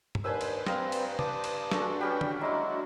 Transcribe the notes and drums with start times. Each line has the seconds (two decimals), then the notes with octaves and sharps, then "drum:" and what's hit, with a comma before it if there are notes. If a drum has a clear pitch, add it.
0.15 drum: tom G2
0.24 D#2 D4 B4 C5 G#5 E6
0.41 drum: cymbal
0.66 G2 C4 D#5 F5 A#5, drum: snare
0.92 drum: cymbal
1.19 G2 A5 D6 D#6, drum: tom C#3
1.44 drum: cymbal
1.72 G#3 A3 D4 F#4, drum: snare
2.01 G3 C#4 G4 B4 G5
2.21 drum: tom
2.41 F#3 G#3 A#3 E4